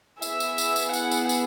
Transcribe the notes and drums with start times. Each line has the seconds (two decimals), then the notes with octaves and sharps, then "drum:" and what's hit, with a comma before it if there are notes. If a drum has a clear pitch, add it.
0.22 B3 E4 G#4 E5, drum: tambourine
0.40 drum: tambourine
0.58 drum: tambourine
0.76 drum: tambourine
0.93 F#5, drum: tambourine
1.11 drum: tambourine
1.29 drum: tambourine